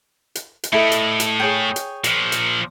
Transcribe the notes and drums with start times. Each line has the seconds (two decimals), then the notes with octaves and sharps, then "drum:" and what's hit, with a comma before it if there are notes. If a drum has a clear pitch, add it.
0.35 drum: hi-hat
0.63 drum: hi-hat
0.73 A2 E4 A4 D#5
0.92 drum: hi-hat
1.20 drum: hi-hat
1.40 G#4 C#5 G5
1.76 drum: hi-hat
2.04 A#2 F3, drum: hi-hat
2.32 drum: hi-hat